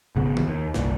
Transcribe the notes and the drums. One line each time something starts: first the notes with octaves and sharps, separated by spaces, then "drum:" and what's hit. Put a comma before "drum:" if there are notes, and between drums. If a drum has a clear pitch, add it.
G#1 C#3 B3
drum: tom D#3
D#2
G1 C2 A#2, drum: snare